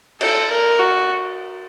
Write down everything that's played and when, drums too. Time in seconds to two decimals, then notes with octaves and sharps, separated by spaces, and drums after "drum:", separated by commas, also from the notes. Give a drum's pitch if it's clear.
0.21 A4, drum: cymbal
0.51 A#4
0.79 F#4